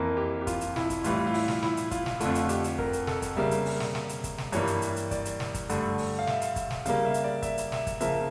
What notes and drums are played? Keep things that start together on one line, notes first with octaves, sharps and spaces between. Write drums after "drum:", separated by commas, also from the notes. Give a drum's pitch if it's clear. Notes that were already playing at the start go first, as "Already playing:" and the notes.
Already playing: F2 E3 A#3 A#4
G4
G4
F4, drum: kick, hi-hat
drum: hi-hat
E4, drum: snare
drum: kick, hi-hat
A2 E3 G3 F4, drum: hi-hat
F4
E4, drum: open hi-hat
drum: snare
E4, drum: snare
drum: hi-hat
F4, drum: kick, hi-hat
drum: snare
F2 D3 A3 F4, drum: hi-hat
drum: hi-hat
G4, drum: hi-hat
drum: hi-hat
A#4, drum: kick
drum: hi-hat
A4, drum: snare
drum: kick, hi-hat
C#3 G3 A#3 E5
drum: hi-hat
drum: open hi-hat
drum: snare
drum: snare
drum: hi-hat
drum: kick, hi-hat
drum: snare
G2 E3 G3 A#3 C#5, drum: hi-hat
drum: hi-hat
drum: hi-hat
drum: hi-hat
D5, drum: kick, hi-hat
drum: hi-hat
drum: snare
drum: kick, hi-hat
G2 D3 A3, drum: hi-hat
drum: open hi-hat
F5
E5, drum: snare
drum: hi-hat
drum: kick, hi-hat
drum: snare
C#3 G3 A#3 F5, drum: hi-hat
E5
drum: hi-hat
D5
E5, drum: kick, hi-hat
drum: hi-hat
E5, drum: snare
drum: kick, hi-hat
C#3 F3 A#3 E5, drum: hi-hat